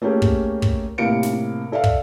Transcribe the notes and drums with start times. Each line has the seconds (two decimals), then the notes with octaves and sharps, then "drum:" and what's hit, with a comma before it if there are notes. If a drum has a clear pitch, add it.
0.02 A3 A#3 C#4 G4 G#4
0.22 drum: kick
0.62 drum: kick
0.98 A2 C3 A#3 F5 C#7 D7
1.23 drum: snare
1.72 A4 D5 E5 F5
1.84 drum: kick